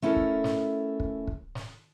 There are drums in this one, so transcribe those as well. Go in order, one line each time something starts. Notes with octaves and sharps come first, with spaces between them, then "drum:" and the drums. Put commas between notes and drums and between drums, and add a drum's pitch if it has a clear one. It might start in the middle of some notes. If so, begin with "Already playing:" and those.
A3 C#4 E4 A4 A#4
drum: kick
drum: snare
drum: kick
drum: kick
drum: snare